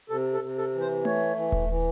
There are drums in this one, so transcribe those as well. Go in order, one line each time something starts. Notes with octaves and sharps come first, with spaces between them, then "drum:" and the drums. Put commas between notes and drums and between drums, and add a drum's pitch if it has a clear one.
C3 A4
A4
C3
A4
E3
C5
A3 C#5, drum: tom A3
E3
drum: kick D#1
E3